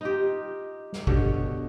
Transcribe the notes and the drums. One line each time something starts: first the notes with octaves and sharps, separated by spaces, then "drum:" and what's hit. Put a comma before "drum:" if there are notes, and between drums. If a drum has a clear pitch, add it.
D#4 F4 G4
drum: snare
B2 D3 G4 C#5, drum: kick G#1